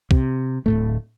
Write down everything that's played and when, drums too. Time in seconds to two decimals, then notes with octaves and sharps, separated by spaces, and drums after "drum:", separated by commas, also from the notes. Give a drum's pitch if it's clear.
0.11 C3, drum: kick
0.66 D1 A2 A3